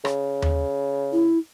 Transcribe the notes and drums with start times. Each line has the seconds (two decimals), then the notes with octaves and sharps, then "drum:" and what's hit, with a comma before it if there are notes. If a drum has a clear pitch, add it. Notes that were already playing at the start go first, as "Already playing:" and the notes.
0.05 C#3, drum: rim click
0.42 drum: tom D#2
1.13 E4